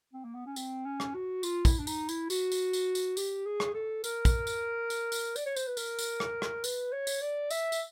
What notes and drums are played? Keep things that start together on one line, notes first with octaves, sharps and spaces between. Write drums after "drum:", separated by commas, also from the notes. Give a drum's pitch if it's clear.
C4
A#3
B3
C#4
C4, drum: tambourine
C#4
drum: rim click
F#4
F4, drum: tambourine
E4, drum: kick, tambourine
D4
D#4, drum: tambourine
E4, drum: tambourine
F#4, drum: tambourine
drum: tambourine
drum: tambourine
drum: tambourine
G4, drum: tambourine
G#4
drum: rim click
A4
A#4, drum: tambourine
drum: kick, tambourine
drum: tambourine
drum: tambourine
drum: tambourine
D5, drum: tambourine
C#5
C5, drum: tambourine
B4
A#4, drum: tambourine
drum: tambourine
drum: rim click
drum: rim click
B4, drum: tambourine
C#5
drum: tambourine
D5
E5, drum: tambourine
drum: tambourine